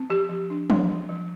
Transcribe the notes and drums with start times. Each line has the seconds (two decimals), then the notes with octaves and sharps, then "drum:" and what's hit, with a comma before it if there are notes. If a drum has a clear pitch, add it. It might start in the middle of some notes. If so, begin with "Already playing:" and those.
Already playing: C4
0.10 F3 G4
0.29 F3
0.50 D4
0.70 D4, drum: tom
0.89 F3
1.09 F3